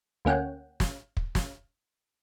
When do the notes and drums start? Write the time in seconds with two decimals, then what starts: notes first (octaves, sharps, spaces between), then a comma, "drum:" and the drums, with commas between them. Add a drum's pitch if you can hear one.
0.25 D2 A#3 C#4 F#5 G5
0.80 drum: snare
1.17 drum: kick
1.35 drum: snare